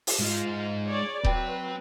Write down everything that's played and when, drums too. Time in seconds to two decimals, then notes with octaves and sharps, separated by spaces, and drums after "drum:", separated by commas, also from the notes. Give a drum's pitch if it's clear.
0.07 drum: open hi-hat
0.19 G#3 D#4 F4 F5
0.85 G#4 C#5 D5
1.24 F#3 C4 B4 G5, drum: kick D#1